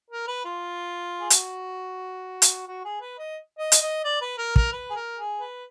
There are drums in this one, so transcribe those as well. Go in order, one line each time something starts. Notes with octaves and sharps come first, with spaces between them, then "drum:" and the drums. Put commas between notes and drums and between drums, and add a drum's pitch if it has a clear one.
A#4
B4
F4
G#4
F#4, drum: hi-hat
drum: hi-hat
F#4
G#4
B4
D#5
D#5
drum: hi-hat
D#5
D5
B4
A#4
A#4, drum: kick
B4
G#4
A#4
G#4
B4